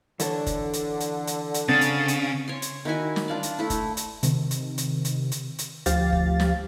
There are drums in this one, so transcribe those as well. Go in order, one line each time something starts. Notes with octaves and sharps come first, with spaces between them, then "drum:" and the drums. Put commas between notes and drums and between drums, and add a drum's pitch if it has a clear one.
D3 E3 A4 C#5, drum: hi-hat
drum: kick F#1, hi-hat
drum: hi-hat
drum: hi-hat
drum: hi-hat
drum: hi-hat
C#3 C4 D4 A6
drum: hi-hat
drum: hi-hat
C#5 C6
drum: hi-hat
D#3 E4 F#4 G#5
drum: snare
D4 F4 D5
drum: hi-hat
A3 E4
drum: kick F#1, hi-hat
drum: hi-hat
C3 D#3, drum: hi-hat
drum: hi-hat
drum: hi-hat
drum: hi-hat
drum: hi-hat
drum: hi-hat
D2 F3 G4 F5 A6, drum: hi-hat
drum: kick F#1
drum: snare